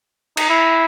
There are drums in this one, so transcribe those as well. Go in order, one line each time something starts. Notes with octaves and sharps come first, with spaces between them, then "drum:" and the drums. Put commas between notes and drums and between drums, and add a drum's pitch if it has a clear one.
D#4, drum: cymbal
E4